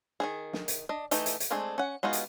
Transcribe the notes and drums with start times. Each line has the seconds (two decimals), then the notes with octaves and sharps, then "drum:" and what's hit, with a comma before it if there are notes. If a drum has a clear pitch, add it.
0.20 D#3 E3 G#4
0.53 drum: snare
0.68 drum: hi-hat
0.89 D4 D#5
1.11 E3 A3 D#4, drum: hi-hat
1.26 drum: hi-hat
1.40 drum: hi-hat
1.50 G#3 A3 C4 D4 G#4
1.78 C#4 F#5
2.03 G#3 B3 D#4 F4 F#4
2.13 drum: hi-hat